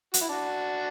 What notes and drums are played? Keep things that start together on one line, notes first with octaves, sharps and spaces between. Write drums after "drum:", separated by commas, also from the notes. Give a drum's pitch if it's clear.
F#4, drum: hi-hat
E4
D4 F#4